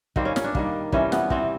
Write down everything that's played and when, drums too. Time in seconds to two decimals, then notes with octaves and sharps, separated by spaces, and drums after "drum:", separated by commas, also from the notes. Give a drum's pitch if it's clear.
0.16 D#3 G3 A#3 C4, drum: kick
0.25 C#4
0.36 C#4, drum: snare
0.44 D4
0.55 D#3 G3 A#3, drum: kick
0.92 C3 E3 G3 C#4, drum: kick
1.12 B3, drum: snare
1.30 C3 E3 G3 C4, drum: kick